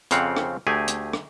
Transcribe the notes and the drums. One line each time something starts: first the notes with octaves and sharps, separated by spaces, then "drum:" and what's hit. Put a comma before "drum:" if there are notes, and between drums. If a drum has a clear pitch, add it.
F2 C#3 C4 F5 F#5, drum: hi-hat
drum: rim click
D2 A3 G4 G#4 G#5
drum: hi-hat
drum: rim click